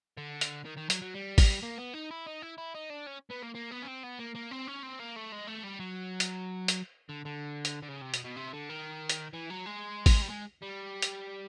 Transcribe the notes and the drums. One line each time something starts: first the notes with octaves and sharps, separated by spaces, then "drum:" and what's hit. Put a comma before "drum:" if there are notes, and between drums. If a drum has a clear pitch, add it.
D3
drum: hi-hat
D#3
D#3
F#3, drum: hi-hat
F#3
G3
drum: kick A1, open hi-hat
A#3
B3
D#4
E4
D#4
E4
E4
D#4
D4
C#4
B3
A#3
A#3
B3
C#4
C4
B3
A#3
A#3
C4
C#4
C4
A#3
A3
G#3
A3
G3
F#3
drum: hi-hat
drum: hi-hat
D3
D3
drum: hi-hat
D3
C#3
C3
B2, drum: hi-hat
B2
C3
D3
D#3
drum: hi-hat
E3
F#3
G#3
drum: kick A1, open hi-hat
G3
G#3
G3
drum: hi-hat